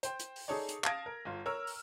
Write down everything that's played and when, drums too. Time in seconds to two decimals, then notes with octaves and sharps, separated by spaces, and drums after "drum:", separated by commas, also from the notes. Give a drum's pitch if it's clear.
0.03 C5 G5, drum: hi-hat
0.19 drum: hi-hat
0.36 drum: open hi-hat
0.48 D#4 G#4 A4 C#5 D5
0.69 drum: hi-hat
0.84 F5 A5 D#6 G#6 A#6 D7, drum: clap
1.06 A#4
1.25 G1 F4
1.46 A#4 C#5 E6 F6
1.67 drum: open hi-hat